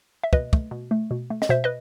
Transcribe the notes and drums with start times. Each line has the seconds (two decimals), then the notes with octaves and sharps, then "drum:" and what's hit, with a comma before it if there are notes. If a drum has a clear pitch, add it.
0.24 E5
0.33 B2 B4 D#5, drum: kick
0.53 A3, drum: kick
0.71 B2
0.91 A3
1.11 B2
1.30 A3
1.42 D#5, drum: snare
1.49 B2 C5 E5
1.64 B4 D#5